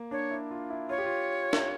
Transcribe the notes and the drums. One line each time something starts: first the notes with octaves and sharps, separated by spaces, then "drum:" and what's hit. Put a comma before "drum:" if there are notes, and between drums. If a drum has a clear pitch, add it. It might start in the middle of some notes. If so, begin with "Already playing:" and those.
Already playing: A#3
D4 C#5
E4
F4
E4
F4 C#5
G4
F4
drum: snare